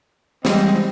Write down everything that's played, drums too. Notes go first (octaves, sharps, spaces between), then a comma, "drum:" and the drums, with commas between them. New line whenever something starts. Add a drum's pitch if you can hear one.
E3 G3 G#3 C4 D#5, drum: snare